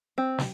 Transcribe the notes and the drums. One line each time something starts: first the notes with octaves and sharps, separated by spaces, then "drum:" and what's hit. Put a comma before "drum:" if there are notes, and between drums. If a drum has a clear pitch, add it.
C4
drum: snare